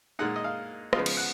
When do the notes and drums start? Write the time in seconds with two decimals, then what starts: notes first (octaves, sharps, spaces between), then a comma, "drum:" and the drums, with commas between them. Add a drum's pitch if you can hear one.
0.19 A#2 G#3 D#4 F#5
0.36 D#5
0.44 F5
0.93 C#3 F3 G#3 B3 F4 D#5, drum: rim click
1.06 drum: cymbal
1.17 F#5